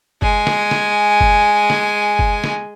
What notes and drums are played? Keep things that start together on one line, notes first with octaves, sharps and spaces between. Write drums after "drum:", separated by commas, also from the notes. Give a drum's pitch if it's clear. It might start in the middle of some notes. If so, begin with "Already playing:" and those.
G#3 G#5, drum: kick F#1
drum: snare
drum: snare
drum: kick F#1
drum: snare
drum: kick F#1
drum: snare